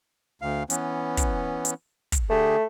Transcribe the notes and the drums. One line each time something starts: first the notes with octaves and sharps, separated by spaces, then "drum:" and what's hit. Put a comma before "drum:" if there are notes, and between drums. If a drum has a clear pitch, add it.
D2 F5
E3 B3 C#4, drum: hi-hat
drum: kick, hi-hat
drum: hi-hat
drum: kick, hi-hat
D3 A3 G4 G#4